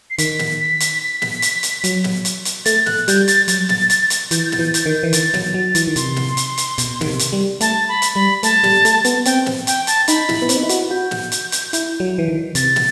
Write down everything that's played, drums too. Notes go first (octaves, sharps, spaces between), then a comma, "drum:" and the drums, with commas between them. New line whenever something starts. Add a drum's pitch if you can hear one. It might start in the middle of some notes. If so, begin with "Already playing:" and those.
C7
D#3 B6, drum: hi-hat
drum: snare
B6
drum: hi-hat
drum: snare
drum: hi-hat
drum: hi-hat
F#3, drum: hi-hat
drum: snare
drum: hi-hat
drum: hi-hat
A3 A6, drum: hi-hat
F#6, drum: snare
G3 G6, drum: hi-hat
A6, drum: hi-hat
F#3 A6, drum: hi-hat
drum: snare
drum: hi-hat
drum: hi-hat
E3 G6, drum: hi-hat
A6
G6
A6, drum: snare
E3 G6
A6
G6, drum: hi-hat
A6
D#3 G6
E3
D#3 A6, drum: hi-hat
F#3, drum: snare
F#3 A6
E3, drum: hi-hat
D#3
C3 C6, drum: hi-hat
drum: snare
drum: hi-hat
drum: hi-hat
B2, drum: hi-hat
D#3, drum: snare
C3
drum: hi-hat
G3
A3 A5, drum: hi-hat
B5
drum: hi-hat
G3 B5
A3 A5, drum: hi-hat
G3, drum: snare
A3, drum: hi-hat
B3, drum: hi-hat
C4 G5, drum: hi-hat
drum: snare
G5, drum: hi-hat
A5, drum: hi-hat
D#4 B5, drum: hi-hat
E4, drum: snare
B3
C4, drum: hi-hat
D#4
E4
F#4, drum: hi-hat
F#4 G6
drum: snare
drum: hi-hat
drum: hi-hat
E4, drum: hi-hat
F#3
E3
D#3
C3 A6, drum: hi-hat
drum: snare